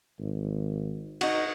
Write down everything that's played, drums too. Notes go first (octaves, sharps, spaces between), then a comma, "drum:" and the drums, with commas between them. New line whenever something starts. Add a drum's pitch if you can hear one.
G#1
D#4 F#4, drum: cymbal